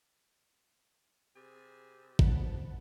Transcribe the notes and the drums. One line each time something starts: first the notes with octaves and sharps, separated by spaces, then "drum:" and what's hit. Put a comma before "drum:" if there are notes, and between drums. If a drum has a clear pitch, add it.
C3 G#4
B2 C5 F#5 A5 B5, drum: kick